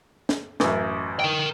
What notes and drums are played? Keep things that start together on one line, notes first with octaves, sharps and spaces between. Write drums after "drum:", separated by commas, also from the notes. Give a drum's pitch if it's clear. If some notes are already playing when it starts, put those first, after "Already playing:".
drum: snare
A1 F#2, drum: snare
A#4 G5